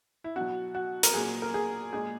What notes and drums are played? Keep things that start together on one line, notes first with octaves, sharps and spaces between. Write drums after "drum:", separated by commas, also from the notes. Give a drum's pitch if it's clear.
E4
B2 F#3 F#4
F#4
A#4, drum: hi-hat
A#2 F#3 G#4
A#4
G#4
A#2 G#3 G#4